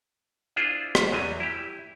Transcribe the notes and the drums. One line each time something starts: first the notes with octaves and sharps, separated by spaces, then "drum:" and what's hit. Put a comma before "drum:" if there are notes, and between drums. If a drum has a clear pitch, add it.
D4 E4 F4 G#4 C5
drum: rim click
E2 F#3 G3 G#5
E4 G4